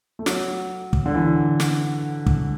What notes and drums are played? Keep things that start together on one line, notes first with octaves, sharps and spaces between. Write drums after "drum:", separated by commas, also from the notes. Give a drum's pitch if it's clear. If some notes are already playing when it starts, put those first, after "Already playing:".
A3
F#3, drum: snare
drum: kick
D3
E3
drum: snare
drum: kick